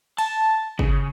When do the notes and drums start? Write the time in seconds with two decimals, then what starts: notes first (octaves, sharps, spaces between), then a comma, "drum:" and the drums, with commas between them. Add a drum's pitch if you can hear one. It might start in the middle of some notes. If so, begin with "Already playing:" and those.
0.18 A5, drum: cymbal
0.79 C#3, drum: kick